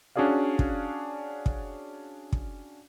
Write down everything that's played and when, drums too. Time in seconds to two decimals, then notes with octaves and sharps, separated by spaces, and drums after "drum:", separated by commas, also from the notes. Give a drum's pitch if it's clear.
0.16 C#4 D4 F#4 G#4 D5 F5
0.59 drum: kick
1.46 drum: kick
2.33 drum: kick